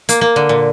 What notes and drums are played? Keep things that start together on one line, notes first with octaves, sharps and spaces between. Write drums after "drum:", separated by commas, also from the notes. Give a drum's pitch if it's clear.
A#3, drum: hi-hat
A#3
D3
A#2